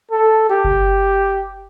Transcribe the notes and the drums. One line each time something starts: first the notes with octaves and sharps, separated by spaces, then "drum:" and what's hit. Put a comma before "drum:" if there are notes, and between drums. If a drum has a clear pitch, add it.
A4
G4
drum: kick F#1